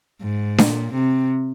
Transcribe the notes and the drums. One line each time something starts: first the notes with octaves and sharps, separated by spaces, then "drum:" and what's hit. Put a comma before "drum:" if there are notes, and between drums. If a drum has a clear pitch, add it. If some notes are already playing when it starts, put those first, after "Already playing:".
G#2
A#2, drum: snare D4
C3